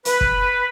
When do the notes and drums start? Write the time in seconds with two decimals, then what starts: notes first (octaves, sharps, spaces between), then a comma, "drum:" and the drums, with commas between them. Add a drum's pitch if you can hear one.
0.05 B4, drum: hi-hat
0.21 drum: kick